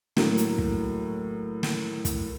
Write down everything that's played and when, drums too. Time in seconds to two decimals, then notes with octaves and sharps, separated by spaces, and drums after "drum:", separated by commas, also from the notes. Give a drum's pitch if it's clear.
0.16 A2 F#3 A#3, drum: snare
0.37 drum: hi-hat
0.58 drum: kick
1.63 drum: snare
2.05 drum: kick, hi-hat